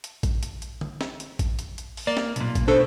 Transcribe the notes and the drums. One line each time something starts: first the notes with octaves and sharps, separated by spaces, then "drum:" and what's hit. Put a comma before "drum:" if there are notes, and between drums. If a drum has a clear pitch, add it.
drum: hi-hat
drum: kick A1, hi-hat
drum: hi-hat
drum: hi-hat
drum: tom D3
drum: snare
drum: hi-hat
drum: kick A1, hi-hat
drum: hi-hat
drum: hi-hat
drum: open hi-hat
A#3 D5
drum: snare
B1 A#2, drum: hi-hat
drum: kick A1, hi-hat
B2 A3 D4 A4 C5